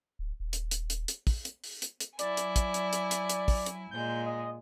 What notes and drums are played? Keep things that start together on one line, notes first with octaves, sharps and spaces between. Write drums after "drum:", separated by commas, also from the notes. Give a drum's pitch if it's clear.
D1
D#1
drum: hi-hat
drum: hi-hat
drum: hi-hat
drum: hi-hat
drum: kick, open hi-hat
drum: hi-hat
drum: open hi-hat
drum: hi-hat
drum: hi-hat
F#3 E4 D5 G#5, drum: hi-hat
drum: hi-hat
drum: kick, hi-hat
drum: hi-hat
drum: hi-hat
drum: hi-hat
drum: hi-hat
drum: kick, open hi-hat
drum: hi-hat
A#2 G#3 G6
D#5